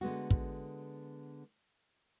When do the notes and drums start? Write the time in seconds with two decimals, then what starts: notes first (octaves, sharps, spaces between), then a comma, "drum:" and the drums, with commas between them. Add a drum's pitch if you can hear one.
0.01 D3 G#3 B3 F#4
0.31 drum: kick